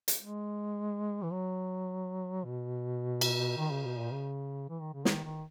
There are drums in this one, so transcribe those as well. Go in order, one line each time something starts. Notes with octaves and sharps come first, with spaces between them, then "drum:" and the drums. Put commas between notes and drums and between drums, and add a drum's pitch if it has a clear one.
drum: hi-hat
G#3
E3
F#3
B2
drum: cymbal
D#3
C#3
B2
A#2
C#3
E3
D#3
C#3
D#3, drum: snare
D#3